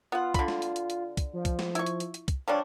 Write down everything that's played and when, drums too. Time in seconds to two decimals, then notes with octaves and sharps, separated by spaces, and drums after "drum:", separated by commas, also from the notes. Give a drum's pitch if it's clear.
0.12 B3 F4 F#5
0.34 D3 B5, drum: kick, hi-hat
0.48 drum: snare
0.62 drum: hi-hat
0.76 drum: hi-hat
0.90 drum: hi-hat
1.17 drum: kick, hi-hat
1.33 F3
1.45 drum: kick, hi-hat
1.59 drum: snare
1.75 E4 C#6, drum: hi-hat
1.86 drum: hi-hat
2.00 drum: hi-hat
2.14 drum: hi-hat
2.28 drum: kick, hi-hat
2.48 F3 G3 D4 C#5